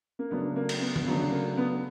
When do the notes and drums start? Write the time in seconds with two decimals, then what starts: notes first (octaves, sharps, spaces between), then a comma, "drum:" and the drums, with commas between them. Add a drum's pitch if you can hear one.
0.19 A#3
0.31 C#3 F#3 A3 B3 D4
0.56 A#3
0.69 drum: cymbal
0.81 B3
0.96 drum: tom D3
1.06 C#3 F#3 A3 B3 D4
1.32 A#3
1.57 B3